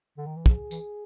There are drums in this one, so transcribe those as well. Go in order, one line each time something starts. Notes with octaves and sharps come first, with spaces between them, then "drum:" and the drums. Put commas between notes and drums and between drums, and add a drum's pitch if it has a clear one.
D3
D#3
E3
F3 G#4, drum: kick
E3, drum: tambourine